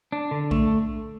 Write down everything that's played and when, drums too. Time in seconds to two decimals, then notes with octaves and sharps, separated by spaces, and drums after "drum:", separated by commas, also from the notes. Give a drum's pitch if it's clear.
0.12 D4
0.31 D3
0.51 A3, drum: kick A#1